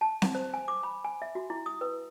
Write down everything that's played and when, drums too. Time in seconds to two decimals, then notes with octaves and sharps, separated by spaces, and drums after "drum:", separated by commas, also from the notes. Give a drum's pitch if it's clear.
0.01 A5
0.22 F#5, drum: snare C4
0.35 C5
0.54 G#5
0.68 D6
0.83 B5
1.04 G#5
1.22 E5
1.35 F#4
1.50 E4
1.66 D#6
1.81 B4